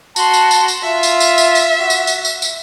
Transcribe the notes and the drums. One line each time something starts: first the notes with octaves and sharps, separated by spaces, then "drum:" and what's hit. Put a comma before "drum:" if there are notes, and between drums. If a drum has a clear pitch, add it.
F#4 A5 C6, drum: tambourine
drum: tambourine
drum: tambourine
drum: tambourine
F4 E5
drum: tambourine
drum: tambourine
drum: tambourine
drum: tambourine
F#4
drum: tambourine
drum: tambourine
drum: tambourine
drum: tambourine